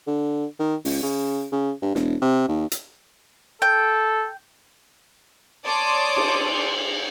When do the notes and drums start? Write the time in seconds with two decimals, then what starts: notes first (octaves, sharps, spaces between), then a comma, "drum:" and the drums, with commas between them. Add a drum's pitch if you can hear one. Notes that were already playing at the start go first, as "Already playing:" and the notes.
0.07 D3
0.60 D#3
0.85 C#2, drum: open hi-hat
1.02 C#3
1.52 C#3
1.82 G2
1.95 E1, drum: snare
2.22 C3
2.48 D#2
2.72 drum: hi-hat
3.62 A4 G5
5.65 C#5 D5 A5 C6 D6 D#6
6.16 drum: cymbal